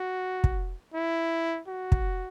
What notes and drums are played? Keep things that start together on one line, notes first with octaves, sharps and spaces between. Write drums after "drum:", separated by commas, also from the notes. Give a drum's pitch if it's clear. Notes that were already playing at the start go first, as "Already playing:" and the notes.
Already playing: F#4
drum: kick
E4
F#4
drum: kick